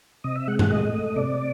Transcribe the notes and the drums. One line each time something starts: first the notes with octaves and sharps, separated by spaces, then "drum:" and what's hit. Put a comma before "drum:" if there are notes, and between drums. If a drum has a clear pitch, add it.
C3 D#5
E5
G#3 F#5
F#5, drum: tom G2
A2 D#5
A3
C3 D5